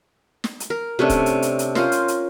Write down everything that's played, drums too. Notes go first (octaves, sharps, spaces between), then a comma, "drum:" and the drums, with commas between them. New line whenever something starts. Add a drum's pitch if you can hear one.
drum: snare
drum: hi-hat
A#4
C3 A3 C#4 D4
drum: kick, hi-hat
drum: hi-hat
drum: hi-hat
drum: hi-hat
C#4 F4 A#4 C5, drum: snare
drum: hi-hat
drum: hi-hat